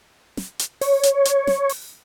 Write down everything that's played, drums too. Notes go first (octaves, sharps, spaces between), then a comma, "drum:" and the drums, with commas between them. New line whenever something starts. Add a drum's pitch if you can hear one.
drum: snare
drum: hi-hat
C#5, drum: open hi-hat
drum: hi-hat
drum: hi-hat
drum: snare
drum: open hi-hat